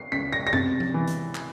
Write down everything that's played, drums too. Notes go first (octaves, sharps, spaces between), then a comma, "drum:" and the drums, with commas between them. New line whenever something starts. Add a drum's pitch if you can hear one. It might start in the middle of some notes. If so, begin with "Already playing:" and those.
Already playing: C7
C#2 B6
A#6
A#6
C3 A6, drum: tom F#2
drum: tom F3
E3
drum: hi-hat
drum: clap